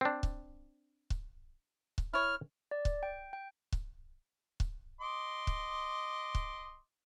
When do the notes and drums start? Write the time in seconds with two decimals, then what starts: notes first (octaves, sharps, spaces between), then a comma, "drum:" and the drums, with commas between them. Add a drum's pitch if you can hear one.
0.01 C4 D4
0.23 drum: kick C#1
1.10 drum: kick C#1
1.98 drum: kick C#1
2.14 E4 C#5 F6
2.71 D5
2.85 drum: kick C#1
3.03 G5
3.33 G5
3.72 drum: kick C#1
4.60 drum: kick C#1
5.01 D#5 C6 D6
5.47 drum: kick C#1
6.35 drum: kick C#1